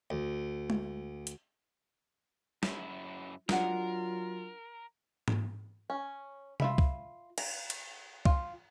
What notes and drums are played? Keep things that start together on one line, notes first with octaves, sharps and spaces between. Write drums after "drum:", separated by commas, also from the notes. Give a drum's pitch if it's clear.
D2
drum: tom G#3
drum: hi-hat
F#2 E4, drum: snare
F#3 D4 F4 A#4 F#5, drum: snare
drum: tom G#2
C#4
F4 E5 B5, drum: tom C3
drum: kick C2
A#5, drum: cymbal
drum: cymbal
F4, drum: kick C2